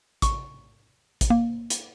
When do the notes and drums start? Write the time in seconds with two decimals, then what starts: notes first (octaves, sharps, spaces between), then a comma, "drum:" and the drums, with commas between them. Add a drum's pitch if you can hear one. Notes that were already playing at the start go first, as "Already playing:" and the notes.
0.22 C#6, drum: kick A1, hi-hat
1.21 drum: kick A1, hi-hat
1.30 A#3
1.70 drum: hi-hat